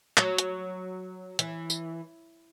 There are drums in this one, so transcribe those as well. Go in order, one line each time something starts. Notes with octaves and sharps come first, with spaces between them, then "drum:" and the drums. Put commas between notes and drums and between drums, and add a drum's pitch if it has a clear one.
F#3, drum: clap
drum: hi-hat
E3, drum: hi-hat
drum: tambourine